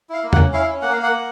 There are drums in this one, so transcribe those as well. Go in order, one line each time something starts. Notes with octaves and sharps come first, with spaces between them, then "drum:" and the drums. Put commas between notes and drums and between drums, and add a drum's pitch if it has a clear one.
E4 F5
A#3
F#5, drum: tom E2
C#4
E4 F5
C#4
A#3 F#5
A#3 F5
F#5
A#3